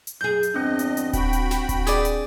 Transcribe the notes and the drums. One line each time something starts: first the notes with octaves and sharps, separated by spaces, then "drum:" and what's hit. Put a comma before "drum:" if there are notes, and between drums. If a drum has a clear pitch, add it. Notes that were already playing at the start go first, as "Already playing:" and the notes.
drum: hi-hat
F#2 G#4 G6
drum: hi-hat
E2 G2 C4 D4 D#5
drum: hi-hat
drum: hi-hat
F#4 G5 B5, drum: kick D#1, hi-hat
drum: hi-hat
drum: snare
drum: kick D#1, hi-hat
G4 G#4 D5, drum: snare
drum: hi-hat